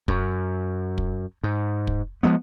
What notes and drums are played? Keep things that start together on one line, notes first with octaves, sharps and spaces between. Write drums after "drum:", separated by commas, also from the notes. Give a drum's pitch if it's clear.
F#2, drum: kick
drum: kick
G#2
drum: kick
F3 G3 G#3 B3